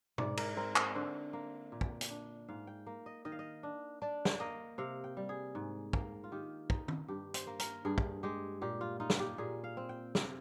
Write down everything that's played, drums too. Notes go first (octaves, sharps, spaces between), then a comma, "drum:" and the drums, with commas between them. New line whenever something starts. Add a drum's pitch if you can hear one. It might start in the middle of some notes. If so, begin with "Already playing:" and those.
G#2 D5, drum: tom
A#4, drum: cymbal
C4 A#4
C5, drum: clap
D3 C5
A#3
A#2
drum: kick
drum: hi-hat
D4
G#2 F5
G5
A#3
D#5
D#3 D#5
F5
D#5
D4
D4 D5
drum: snare
A#3 D#5
C3 F5
G5
G3
G#4
G#2
A#3, drum: kick
F4
D#3 G4
D#4, drum: kick
drum: tom
G2 G4
C5, drum: hi-hat
A#3
A#4, drum: hi-hat
G2 G#4
drum: kick
G#3 G4
A#2 G4
F4
D#4 F4
drum: snare
G4
A#2 G#4
F5
C4
G5
C3 F5, drum: snare